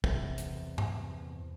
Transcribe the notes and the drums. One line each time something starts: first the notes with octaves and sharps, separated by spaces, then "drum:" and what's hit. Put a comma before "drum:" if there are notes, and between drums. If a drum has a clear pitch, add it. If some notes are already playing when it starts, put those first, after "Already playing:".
E2 C3, drum: kick
drum: hi-hat
drum: tom G2